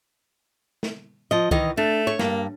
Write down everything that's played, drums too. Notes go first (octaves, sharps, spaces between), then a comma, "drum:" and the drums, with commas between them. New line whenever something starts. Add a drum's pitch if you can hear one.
drum: snare
F3 D#5
D#3 E3 D#5, drum: kick C2
A3 D4
C#5
G2 A#3, drum: snare